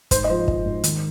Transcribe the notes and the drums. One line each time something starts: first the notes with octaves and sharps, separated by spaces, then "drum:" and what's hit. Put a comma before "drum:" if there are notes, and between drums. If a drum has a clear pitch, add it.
G#2 C5, drum: kick, hi-hat
D#5
F3 C5
F3 D#5, drum: kick
G#2
D#3, drum: hi-hat